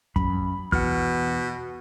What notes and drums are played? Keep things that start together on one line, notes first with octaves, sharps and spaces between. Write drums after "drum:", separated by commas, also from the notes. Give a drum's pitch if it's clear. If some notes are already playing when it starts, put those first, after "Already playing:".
F#2 B5, drum: kick
E2 B2 F#5 F6, drum: kick